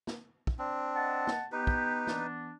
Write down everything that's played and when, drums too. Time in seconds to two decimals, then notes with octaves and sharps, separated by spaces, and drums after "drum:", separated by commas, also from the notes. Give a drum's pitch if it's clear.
0.07 drum: snare
0.47 drum: kick
0.59 C4 D4
0.95 D#5 F#5 A5
1.27 drum: snare
1.52 B3 D#4 G4 B4
1.67 drum: kick
2.07 E3 B3 D4, drum: snare